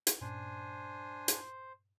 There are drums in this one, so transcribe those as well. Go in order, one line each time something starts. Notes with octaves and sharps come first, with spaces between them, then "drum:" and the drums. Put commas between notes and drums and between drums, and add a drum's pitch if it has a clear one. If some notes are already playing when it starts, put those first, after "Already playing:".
drum: hi-hat
G2 A#2 C#4 D4 C5 G#5
drum: hi-hat